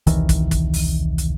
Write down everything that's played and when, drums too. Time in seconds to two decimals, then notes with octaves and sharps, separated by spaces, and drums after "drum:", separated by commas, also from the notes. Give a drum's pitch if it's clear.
0.07 E1 C2 D#3 E3, drum: hi-hat
0.29 drum: kick, hi-hat
0.51 drum: kick, hi-hat
0.74 drum: open hi-hat
1.18 drum: hi-hat